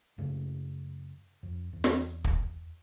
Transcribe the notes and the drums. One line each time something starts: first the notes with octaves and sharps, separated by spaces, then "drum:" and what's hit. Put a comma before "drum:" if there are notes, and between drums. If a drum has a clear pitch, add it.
F#2 C#3 A3
F2
E2
drum: snare
drum: kick